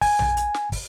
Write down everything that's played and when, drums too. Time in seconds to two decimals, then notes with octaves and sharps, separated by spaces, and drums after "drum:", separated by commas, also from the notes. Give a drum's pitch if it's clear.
0.01 G#5, drum: kick, open hi-hat
0.19 drum: tom A#1
0.37 drum: hi-hat
0.54 drum: snare
0.72 drum: kick, open hi-hat